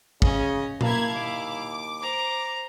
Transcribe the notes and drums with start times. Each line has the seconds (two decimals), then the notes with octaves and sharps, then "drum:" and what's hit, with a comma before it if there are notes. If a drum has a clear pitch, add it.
0.22 C#3 C#4 D#5, drum: kick
0.81 A#3 E4 F5 A5 B5 G#6, drum: tom A#2
1.13 D#2 D6
2.01 C5 A#5